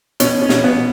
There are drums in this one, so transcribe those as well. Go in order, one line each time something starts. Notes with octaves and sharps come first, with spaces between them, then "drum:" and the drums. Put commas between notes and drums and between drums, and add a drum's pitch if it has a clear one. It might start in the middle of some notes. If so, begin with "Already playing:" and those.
B2 C#4, drum: hi-hat
C#4
B2, drum: snare
B3